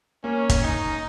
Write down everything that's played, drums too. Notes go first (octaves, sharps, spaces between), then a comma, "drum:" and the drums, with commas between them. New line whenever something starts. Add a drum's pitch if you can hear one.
A#3 C#4
drum: kick, hi-hat
D#4